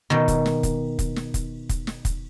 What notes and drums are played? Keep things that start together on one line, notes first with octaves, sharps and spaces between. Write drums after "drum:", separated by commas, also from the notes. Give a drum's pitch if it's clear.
B2 D#3
drum: kick, hi-hat
drum: snare
drum: kick, hi-hat
drum: kick, hi-hat
drum: snare
drum: kick, hi-hat
drum: kick, hi-hat
drum: snare
drum: kick, hi-hat